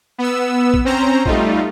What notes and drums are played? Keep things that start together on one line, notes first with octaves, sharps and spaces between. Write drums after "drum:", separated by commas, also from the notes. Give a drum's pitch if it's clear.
B3 E6
drum: kick A1
C4 C#4 C5 A#5
G3 A3 D#4 F4, drum: kick A1